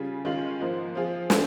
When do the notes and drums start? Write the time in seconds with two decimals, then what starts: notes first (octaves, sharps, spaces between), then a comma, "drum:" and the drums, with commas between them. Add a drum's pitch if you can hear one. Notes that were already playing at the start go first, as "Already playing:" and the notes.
Already playing: C#3 G3 C#4 F4 G#4
0.25 D#3 G#3 C#4 F4
0.60 G#2 F3 A#3
0.95 F3 C4 F4 G#4
1.30 F3 G#3, drum: snare